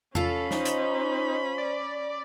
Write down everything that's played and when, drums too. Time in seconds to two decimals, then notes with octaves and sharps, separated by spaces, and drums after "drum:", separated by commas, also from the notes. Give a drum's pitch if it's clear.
0.15 C#4 F4 A4 F5 B5, drum: tom E2
0.51 D#4 C5, drum: snare
0.65 drum: hi-hat
1.58 D5